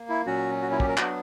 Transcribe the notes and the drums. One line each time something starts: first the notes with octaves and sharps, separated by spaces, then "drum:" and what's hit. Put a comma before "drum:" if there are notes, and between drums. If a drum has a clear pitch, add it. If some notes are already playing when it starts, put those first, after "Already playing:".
Already playing: A#3
E4
A#2 F#3 C#4 F#4
F#4
E4
G4, drum: kick
A#4
F#3 B3 D4 F#4, drum: clap